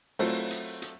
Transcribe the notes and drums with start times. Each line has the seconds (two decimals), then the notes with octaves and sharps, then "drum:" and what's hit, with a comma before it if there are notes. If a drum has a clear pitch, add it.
0.19 F#3 A3 C4 E4 F4, drum: open hi-hat
0.51 drum: hi-hat
0.82 drum: hi-hat